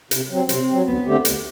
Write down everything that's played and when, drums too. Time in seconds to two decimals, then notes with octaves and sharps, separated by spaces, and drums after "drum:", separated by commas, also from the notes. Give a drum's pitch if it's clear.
0.11 C3, drum: hi-hat
0.30 F#3 C4
0.49 C3 C4, drum: hi-hat
0.68 F#3 C4
0.87 D2 B3
1.06 D3 A3 C4 G4
1.25 D2, drum: hi-hat